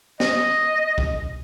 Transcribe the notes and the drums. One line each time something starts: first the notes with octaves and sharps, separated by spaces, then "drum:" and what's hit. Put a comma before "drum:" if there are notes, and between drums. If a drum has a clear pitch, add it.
D#5, drum: snare
drum: kick